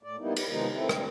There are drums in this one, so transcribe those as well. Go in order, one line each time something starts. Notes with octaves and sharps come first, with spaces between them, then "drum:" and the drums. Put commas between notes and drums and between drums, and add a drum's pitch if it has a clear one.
A2 D5
G3 A#3 B3 D#4 E4
B4, drum: cymbal
C3 D#3 F3 G#3 B3 D#4
C3 D#3 A3 C4 E4
D3 A#3, drum: rim click